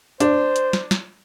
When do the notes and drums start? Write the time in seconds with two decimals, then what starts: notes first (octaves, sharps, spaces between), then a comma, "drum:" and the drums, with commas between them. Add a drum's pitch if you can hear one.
0.20 D4 C5, drum: hi-hat
0.56 drum: hi-hat
0.73 drum: snare
0.91 drum: snare